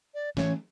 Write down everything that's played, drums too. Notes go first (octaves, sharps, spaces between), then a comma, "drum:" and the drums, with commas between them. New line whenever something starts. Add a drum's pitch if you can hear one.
D5
E3 A3 C#4 C#5, drum: snare